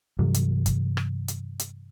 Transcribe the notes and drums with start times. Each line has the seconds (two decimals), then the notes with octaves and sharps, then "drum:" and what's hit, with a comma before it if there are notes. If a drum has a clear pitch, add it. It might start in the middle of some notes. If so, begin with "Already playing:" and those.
0.19 G2 C3 E3 F#3
0.34 drum: hi-hat
0.66 drum: kick, hi-hat
0.97 drum: rim click
1.28 drum: hi-hat
1.59 drum: hi-hat